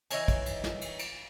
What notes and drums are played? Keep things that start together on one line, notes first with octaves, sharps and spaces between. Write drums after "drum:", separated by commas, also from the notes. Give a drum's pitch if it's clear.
E3 D#4 C#5 G#5, drum: cymbal
drum: kick, cymbal
drum: cymbal
drum: snare
drum: cymbal
drum: cymbal